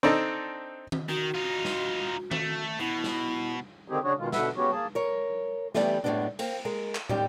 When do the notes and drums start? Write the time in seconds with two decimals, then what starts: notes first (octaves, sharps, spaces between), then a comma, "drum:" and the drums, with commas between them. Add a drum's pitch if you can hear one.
0.03 C4 D4 D#4 A4
0.92 drum: tom D#3
1.09 D#3 F#4
1.34 D#4 F4
1.65 drum: snare
2.31 A3, drum: tom D#3
2.80 B2 E4
3.04 drum: snare
3.88 D3 D#3 C4 D#4 G4 G#4
4.04 C#3 D4 F#4 G#4 C#5
4.18 B2 D#3 G#3 F4
4.32 B2 D3 B4 E5 F#5, drum: snare
4.57 C#3 B3 C#4 F#4 G4 C#5
4.71 A#3 G#4 A5
4.95 A#4 C#5
5.74 E3 G3 A3 B3 G4 D5, drum: snare
6.04 F#2 A2 F#3 G#3 B3 D4
6.39 A#3 C4, drum: cymbal
6.65 G#3 A#4
6.95 drum: clap
7.09 D#2 G3 D#4 G4, drum: tom